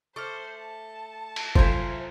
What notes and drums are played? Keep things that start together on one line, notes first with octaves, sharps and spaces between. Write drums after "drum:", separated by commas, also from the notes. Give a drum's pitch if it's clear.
A3 C5 C#6 D6 F6
A5
drum: cymbal
C3 F#3 F4 A4 C5 E5 G#5 A#5, drum: kick F#1